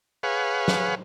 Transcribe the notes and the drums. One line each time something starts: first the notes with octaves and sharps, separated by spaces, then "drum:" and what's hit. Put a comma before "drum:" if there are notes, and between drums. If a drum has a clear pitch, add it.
G#4 B4 C#5 F5 F#5
drum: snare